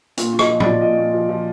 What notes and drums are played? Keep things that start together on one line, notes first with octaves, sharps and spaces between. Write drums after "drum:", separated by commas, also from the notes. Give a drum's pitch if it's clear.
A#2, drum: hi-hat
A#2
D#5, drum: rim click
F3
D5, drum: tom
F3
A#2 D#5
A#2
F3
F3